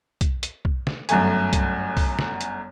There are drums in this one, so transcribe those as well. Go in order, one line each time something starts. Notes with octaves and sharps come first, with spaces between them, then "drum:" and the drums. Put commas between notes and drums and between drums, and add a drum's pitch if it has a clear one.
drum: kick, hi-hat
drum: hi-hat
drum: kick
drum: snare
G1 F#2 A3 G#5, drum: hi-hat
drum: kick, hi-hat
drum: kick, open hi-hat
drum: snare
drum: hi-hat